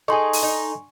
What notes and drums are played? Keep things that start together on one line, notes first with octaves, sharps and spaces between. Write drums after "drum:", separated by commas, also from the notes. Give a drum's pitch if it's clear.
D#4 G#4 A4 D#5 G#5 C6 C#6
drum: open hi-hat
D#4